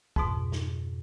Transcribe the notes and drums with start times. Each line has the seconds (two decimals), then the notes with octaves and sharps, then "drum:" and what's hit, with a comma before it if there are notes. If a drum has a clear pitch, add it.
0.16 F2 G#2 B2, drum: kick
0.52 drum: snare